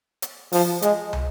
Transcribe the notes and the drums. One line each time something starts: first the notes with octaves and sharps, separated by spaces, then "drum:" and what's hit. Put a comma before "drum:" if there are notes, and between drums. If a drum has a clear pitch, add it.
drum: hi-hat
F3, drum: open hi-hat
G#3, drum: hi-hat
drum: tom